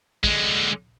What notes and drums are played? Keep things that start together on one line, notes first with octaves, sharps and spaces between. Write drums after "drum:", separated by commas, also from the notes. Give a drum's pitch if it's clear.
D3 G#3, drum: kick